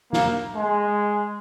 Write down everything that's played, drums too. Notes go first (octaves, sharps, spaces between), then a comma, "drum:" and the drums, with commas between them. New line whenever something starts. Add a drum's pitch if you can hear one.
A#3, drum: snare
G#3